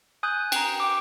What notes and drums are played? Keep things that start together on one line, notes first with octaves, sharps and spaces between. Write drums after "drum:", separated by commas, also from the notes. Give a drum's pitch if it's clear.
G#5 D#6 F#6 G6
G5 A#5, drum: cymbal
G5 D6